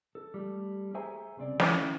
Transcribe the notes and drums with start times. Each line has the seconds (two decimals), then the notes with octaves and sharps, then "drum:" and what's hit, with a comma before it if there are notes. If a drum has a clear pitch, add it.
0.15 A4
0.34 G3 A3
0.94 G#4 A4 C5 E5 G#5 A#5
1.37 C2 C#3 C4 D5
1.60 D#3 C#4 E4, drum: snare